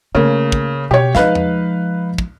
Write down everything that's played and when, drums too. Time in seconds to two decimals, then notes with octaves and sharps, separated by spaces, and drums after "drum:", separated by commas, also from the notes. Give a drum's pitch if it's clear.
0.15 C#3 A3 A#3
0.52 drum: kick
0.91 B2 G4 C#5
1.15 F3 G#3 D#4 B4 F5, drum: snare
1.35 drum: tom E2
2.18 drum: kick